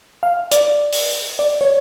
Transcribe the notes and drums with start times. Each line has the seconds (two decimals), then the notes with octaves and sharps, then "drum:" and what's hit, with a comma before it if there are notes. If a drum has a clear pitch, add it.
0.23 F5
0.52 D5, drum: hi-hat
0.93 drum: open hi-hat
1.39 D5
1.61 C#5